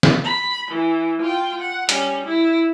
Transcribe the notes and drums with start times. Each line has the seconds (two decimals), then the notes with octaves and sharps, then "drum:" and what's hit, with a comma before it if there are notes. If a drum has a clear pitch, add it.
0.03 drum: snare
0.24 B5
0.71 E3
1.22 F4 G5
1.60 F#5
1.89 G3 C#4, drum: hi-hat
2.25 E4